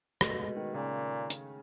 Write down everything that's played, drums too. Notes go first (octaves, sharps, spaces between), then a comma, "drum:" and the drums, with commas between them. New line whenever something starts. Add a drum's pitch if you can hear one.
B2 A3, drum: rim click
G#3
D#3
A#2 C#3
drum: hi-hat